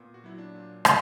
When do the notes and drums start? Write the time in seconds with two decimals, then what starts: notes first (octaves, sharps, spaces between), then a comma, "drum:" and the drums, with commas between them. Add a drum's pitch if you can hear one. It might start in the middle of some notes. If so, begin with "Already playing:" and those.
Already playing: A#2 B3
0.14 F#4
0.24 F#3 E4
0.38 D4
0.55 A#2
0.85 C#3, drum: rim click